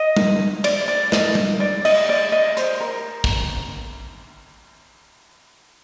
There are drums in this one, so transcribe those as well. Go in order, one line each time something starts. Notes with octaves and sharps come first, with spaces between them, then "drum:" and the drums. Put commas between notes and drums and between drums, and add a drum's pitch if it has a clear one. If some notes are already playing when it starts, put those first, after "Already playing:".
Already playing: D#5
drum: tom G3
D5, drum: cymbal
D5
D#5, drum: snare
drum: tom G3
D5
D#5, drum: cymbal
D5
D#5
C5, drum: hi-hat
A#4
drum: kick